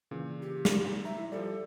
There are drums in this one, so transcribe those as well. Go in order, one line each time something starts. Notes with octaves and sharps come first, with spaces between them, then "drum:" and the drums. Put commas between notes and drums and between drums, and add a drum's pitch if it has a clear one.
A#2 C#3 E3
G4
drum: snare
E5 A#5
E4
F3 G3 A4 D5